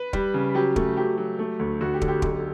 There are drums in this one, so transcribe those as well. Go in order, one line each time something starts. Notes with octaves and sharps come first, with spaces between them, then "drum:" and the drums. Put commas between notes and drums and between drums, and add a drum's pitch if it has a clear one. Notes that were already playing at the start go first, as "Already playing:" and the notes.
Already playing: B4
G3, drum: kick
C#3
F#3 G4
A3, drum: kick
F#3 G4
F#3
A3
D2
D2 F#4
G4
D3, drum: kick
G4
B1, drum: kick